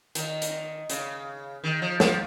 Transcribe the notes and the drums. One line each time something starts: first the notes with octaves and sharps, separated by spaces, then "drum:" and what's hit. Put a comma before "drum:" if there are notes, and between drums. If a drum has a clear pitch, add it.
D#3, drum: hi-hat
drum: hi-hat
C#3, drum: hi-hat
D#3
F3
F3, drum: snare